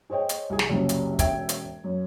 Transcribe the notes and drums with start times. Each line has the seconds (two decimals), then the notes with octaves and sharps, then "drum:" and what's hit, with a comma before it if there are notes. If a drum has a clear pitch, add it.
0.10 G#4 C5 C#5 D#5 G5
0.29 drum: hi-hat
0.50 C2 G#4
0.59 drum: snare
0.69 F#1 C2 F#3 C#4
0.89 drum: hi-hat
1.19 E1 C#4 E5 G5 G#6 D7, drum: kick, hi-hat
1.49 drum: hi-hat
1.84 F#2